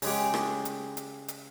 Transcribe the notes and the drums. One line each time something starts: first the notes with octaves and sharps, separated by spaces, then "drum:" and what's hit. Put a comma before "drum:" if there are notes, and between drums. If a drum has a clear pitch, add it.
C#3 G#3 G4, drum: open hi-hat
drum: rim click
drum: hi-hat
drum: hi-hat
drum: hi-hat